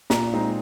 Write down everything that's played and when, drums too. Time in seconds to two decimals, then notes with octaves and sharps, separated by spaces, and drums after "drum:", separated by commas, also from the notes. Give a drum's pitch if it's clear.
0.10 A#2 A#5, drum: snare
0.33 G#3 C4 D#4